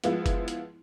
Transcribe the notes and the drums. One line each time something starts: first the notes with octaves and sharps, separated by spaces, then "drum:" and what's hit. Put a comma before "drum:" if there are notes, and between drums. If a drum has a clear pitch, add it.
F3 G#3 B3 E4 F4, drum: hi-hat
drum: kick F#1, hi-hat
drum: hi-hat